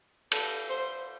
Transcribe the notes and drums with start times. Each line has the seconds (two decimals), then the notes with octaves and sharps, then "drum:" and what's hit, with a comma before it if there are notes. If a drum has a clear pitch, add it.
0.31 A4, drum: cymbal
0.69 C5